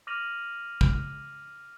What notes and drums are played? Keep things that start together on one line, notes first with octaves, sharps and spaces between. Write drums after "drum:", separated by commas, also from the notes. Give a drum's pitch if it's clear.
D6 F6 A#6 D#7 F7 F#7
drum: kick